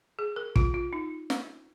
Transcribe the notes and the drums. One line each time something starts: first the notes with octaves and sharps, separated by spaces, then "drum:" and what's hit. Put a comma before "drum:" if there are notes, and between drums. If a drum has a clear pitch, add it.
G#4
A#4
F4, drum: kick
F4
D#4
drum: snare